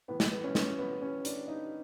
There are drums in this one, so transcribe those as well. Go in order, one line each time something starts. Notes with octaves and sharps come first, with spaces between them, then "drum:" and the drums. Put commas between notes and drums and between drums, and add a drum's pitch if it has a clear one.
A2 E3 B3
B3, drum: snare
B3
C#4
C#4, drum: snare
B3
C#4
D4, drum: hi-hat
D#4